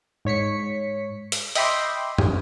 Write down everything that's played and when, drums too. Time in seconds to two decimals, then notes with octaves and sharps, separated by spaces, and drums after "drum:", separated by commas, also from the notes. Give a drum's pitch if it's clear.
0.25 G#2 C#5 B6 C#7
1.32 drum: hi-hat
1.55 D#5 E5 G5 B5 C6 D6, drum: open hi-hat
2.18 drum: tom